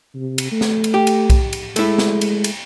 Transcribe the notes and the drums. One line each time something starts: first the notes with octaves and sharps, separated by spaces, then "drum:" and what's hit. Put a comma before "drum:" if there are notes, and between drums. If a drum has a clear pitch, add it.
C3
drum: cymbal
A3
drum: snare
drum: cymbal
G4
drum: cymbal
drum: kick B1, cymbal
drum: cymbal
G#3 A3 E4, drum: cymbal
drum: snare
drum: cymbal
drum: cymbal